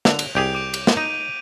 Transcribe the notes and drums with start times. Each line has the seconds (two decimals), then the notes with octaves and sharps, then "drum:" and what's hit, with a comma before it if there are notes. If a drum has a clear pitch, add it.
0.05 D3 F7, drum: snare
0.19 drum: cymbal
0.35 C2 G4 G#4 G6 D7 F7
0.55 D6 D7
0.74 drum: cymbal
0.87 drum: snare
0.97 D#4 D#7